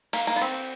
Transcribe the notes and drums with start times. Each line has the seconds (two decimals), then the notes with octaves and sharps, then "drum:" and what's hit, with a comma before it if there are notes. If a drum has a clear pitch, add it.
0.13 A#3, drum: cymbal
0.27 A#3
0.36 B3
0.42 C4, drum: cymbal